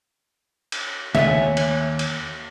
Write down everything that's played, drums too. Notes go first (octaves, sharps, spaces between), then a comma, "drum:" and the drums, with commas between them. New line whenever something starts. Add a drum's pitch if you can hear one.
drum: cymbal
D#2 C#5 E5 F#5 G#5, drum: snare
drum: cymbal
drum: cymbal